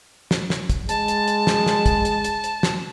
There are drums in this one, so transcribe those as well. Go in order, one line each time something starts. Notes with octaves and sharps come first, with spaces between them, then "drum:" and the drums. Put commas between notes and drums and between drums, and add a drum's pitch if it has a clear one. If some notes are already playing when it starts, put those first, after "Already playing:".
drum: snare
drum: snare
drum: kick, hi-hat
G#3 A5, drum: hi-hat
drum: hi-hat
drum: hi-hat
drum: snare
drum: snare
drum: kick, hi-hat
drum: hi-hat
drum: hi-hat
drum: hi-hat
drum: snare